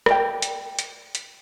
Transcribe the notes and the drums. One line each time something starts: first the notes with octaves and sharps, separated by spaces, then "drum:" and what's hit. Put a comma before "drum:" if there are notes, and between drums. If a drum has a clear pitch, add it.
D5 G5, drum: rim click
drum: hi-hat
drum: hi-hat
drum: hi-hat